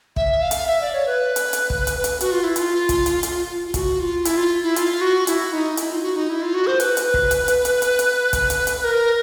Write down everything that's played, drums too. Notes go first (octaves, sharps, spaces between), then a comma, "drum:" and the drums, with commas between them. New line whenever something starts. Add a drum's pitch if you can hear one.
E5, drum: kick
F5
drum: hi-hat
E5
D5
C#5
B4
drum: hi-hat
drum: hi-hat
drum: kick
drum: hi-hat
drum: hi-hat
F#4, drum: hi-hat
F4
E4
F4, drum: hi-hat
drum: kick, hi-hat
drum: hi-hat
drum: hi-hat
F4
F#4, drum: kick, hi-hat
F4
E4, drum: hi-hat
F4
E4
F4, drum: hi-hat
F#4
E4, drum: hi-hat
D#4
E4, drum: hi-hat
F4
F#4
D#4
E4
F4
F#4
C5
B4, drum: hi-hat
drum: hi-hat
drum: kick
drum: hi-hat
drum: hi-hat
drum: hi-hat
drum: hi-hat
drum: hi-hat
drum: kick, hi-hat
drum: hi-hat
drum: hi-hat
A#4